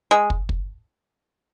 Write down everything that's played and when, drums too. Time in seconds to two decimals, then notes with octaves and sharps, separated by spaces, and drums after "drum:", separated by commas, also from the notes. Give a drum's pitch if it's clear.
0.11 G#3
0.30 drum: kick
0.49 drum: kick